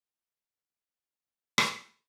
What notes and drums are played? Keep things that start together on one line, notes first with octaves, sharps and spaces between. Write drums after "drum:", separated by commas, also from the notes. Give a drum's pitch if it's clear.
D3 F#3 B4 C5 F#5
drum: rim click